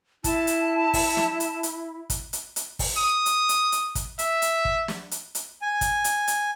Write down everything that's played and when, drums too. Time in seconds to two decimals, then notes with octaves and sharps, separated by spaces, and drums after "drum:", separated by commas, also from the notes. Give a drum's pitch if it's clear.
0.24 E4 A5, drum: kick, hi-hat
0.47 drum: hi-hat
0.94 drum: kick, open hi-hat
1.17 drum: snare
1.40 drum: hi-hat
1.63 drum: hi-hat
2.10 drum: kick, hi-hat
2.33 drum: hi-hat
2.56 drum: hi-hat
2.79 drum: kick, open hi-hat
2.97 D#6
3.26 drum: hi-hat
3.49 drum: hi-hat
3.72 drum: hi-hat
3.95 drum: kick, hi-hat
4.19 E5, drum: hi-hat
4.42 drum: hi-hat
4.65 drum: kick
4.88 drum: snare
5.11 drum: hi-hat
5.35 drum: hi-hat
5.62 G#5
5.81 drum: kick, hi-hat
6.04 drum: hi-hat
6.28 drum: hi-hat